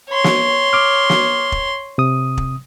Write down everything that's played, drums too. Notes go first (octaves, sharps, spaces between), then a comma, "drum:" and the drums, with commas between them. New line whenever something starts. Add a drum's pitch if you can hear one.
C#5 C6
drum: snare
D6 F6
drum: snare
drum: kick
C3 D#6
drum: kick